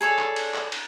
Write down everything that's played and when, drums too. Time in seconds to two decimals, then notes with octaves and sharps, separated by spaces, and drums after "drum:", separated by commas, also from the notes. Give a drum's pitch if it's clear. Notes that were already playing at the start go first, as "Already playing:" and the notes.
0.01 G#4 A4 C#5 D5
0.18 drum: clap
0.36 drum: cymbal
0.54 drum: clap
0.72 drum: cymbal